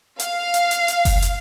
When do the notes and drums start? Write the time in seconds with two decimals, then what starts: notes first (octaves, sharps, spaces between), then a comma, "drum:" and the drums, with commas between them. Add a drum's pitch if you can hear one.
0.19 F5, drum: hi-hat
0.54 drum: hi-hat
0.71 drum: hi-hat
0.88 drum: hi-hat
1.05 drum: kick F#1, open hi-hat
1.22 drum: hi-hat